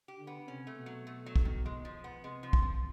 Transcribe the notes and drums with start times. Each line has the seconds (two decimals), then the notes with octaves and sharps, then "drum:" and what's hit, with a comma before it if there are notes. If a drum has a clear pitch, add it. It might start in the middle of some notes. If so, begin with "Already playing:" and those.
0.08 G4
0.18 D3
0.27 B3
0.47 C3 C#4
0.67 A3
0.77 B2
0.86 F#3
1.07 A3
1.26 F#3
1.36 drum: kick
1.45 D#3
1.66 G#3
1.85 F3
2.04 B3
2.24 C3 G#3
2.43 F3
2.53 drum: kick
2.62 F3